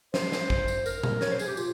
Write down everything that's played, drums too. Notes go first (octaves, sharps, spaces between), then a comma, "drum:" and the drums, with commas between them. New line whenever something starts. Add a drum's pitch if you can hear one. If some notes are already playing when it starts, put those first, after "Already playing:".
C5, drum: snare
drum: snare
drum: kick
drum: tambourine
A#4, drum: tambourine
drum: tom A#2
C#5, drum: snare
C5
G#4, drum: tambourine
G4
F4, drum: tambourine